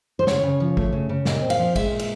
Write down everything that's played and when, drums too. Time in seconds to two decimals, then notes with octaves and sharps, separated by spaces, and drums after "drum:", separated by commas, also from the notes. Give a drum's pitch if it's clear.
0.19 C5
0.27 C#3 C#5, drum: snare
0.43 C#3
0.60 F3
0.77 A3, drum: kick A1
0.92 C#3
1.09 C#3
1.25 A#2 D#5, drum: snare
1.42 C4
1.50 F5, drum: cymbal
1.59 F3
1.76 G#3 E5, drum: kick A1, cymbal
1.91 A#2
1.99 E5, drum: cymbal